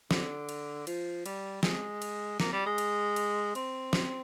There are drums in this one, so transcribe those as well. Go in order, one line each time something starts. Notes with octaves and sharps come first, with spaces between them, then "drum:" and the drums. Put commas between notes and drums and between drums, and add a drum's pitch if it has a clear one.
D3, drum: snare
drum: cymbal
F3, drum: cymbal
G3, drum: cymbal
G#3, drum: snare
drum: cymbal
A#3, drum: snare
G3
G#3
drum: cymbal
drum: cymbal
C4, drum: cymbal
drum: snare